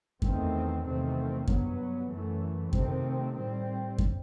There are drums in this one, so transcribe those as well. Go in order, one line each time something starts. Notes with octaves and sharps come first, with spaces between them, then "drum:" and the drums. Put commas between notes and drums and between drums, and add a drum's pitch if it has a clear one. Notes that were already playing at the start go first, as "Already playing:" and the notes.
E2 D#3 A3 C4, drum: kick F#2
E2 C3 D#3 A3 C4
G2 F#3 B3, drum: kick F#2
F#2 E3 A3
C3 D#3 A3 C4, drum: kick F#2
A2 G3 C4
drum: kick F#2